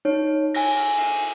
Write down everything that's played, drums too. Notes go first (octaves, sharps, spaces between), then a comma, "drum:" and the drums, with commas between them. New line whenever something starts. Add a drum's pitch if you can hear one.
D#4 C#5
G#5 A#6, drum: cymbal
drum: cymbal
drum: cymbal